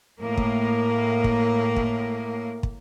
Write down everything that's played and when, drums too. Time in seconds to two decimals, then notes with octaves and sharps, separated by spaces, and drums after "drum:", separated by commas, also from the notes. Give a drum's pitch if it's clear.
0.20 A2 A#3
0.37 drum: kick
1.24 drum: kick
1.76 drum: kick
2.63 drum: kick